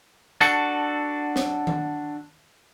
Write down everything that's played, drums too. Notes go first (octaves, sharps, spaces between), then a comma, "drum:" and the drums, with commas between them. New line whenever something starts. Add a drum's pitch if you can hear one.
D4 F#4 A4, drum: tambourine
drum: snare
drum: tom D#3